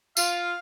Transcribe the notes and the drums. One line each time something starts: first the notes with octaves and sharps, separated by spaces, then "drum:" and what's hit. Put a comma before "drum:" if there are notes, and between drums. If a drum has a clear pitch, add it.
F4 F5, drum: tambourine